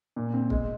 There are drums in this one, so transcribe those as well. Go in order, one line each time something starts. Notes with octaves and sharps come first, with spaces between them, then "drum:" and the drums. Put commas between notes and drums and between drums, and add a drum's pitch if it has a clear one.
A#2
C4
G#3, drum: kick